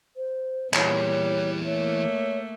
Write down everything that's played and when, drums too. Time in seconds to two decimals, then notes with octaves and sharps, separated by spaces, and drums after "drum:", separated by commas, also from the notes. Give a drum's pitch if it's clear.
0.16 C5
0.74 A#2 E3 G3 G#4 C#5, drum: clap
1.65 A3 A#3 C#5